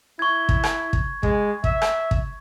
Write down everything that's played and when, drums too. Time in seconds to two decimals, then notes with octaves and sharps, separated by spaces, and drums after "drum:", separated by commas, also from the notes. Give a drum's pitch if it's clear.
0.19 E4 C#6 G#6
0.49 drum: kick
0.63 drum: rim click
0.93 drum: kick
1.23 G#3, drum: kick
1.64 E5, drum: kick
1.82 drum: rim click
2.11 drum: kick